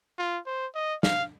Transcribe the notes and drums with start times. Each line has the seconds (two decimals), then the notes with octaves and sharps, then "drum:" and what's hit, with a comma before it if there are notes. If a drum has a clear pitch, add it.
0.18 F4
0.47 C5
0.75 D#5
1.03 F5, drum: snare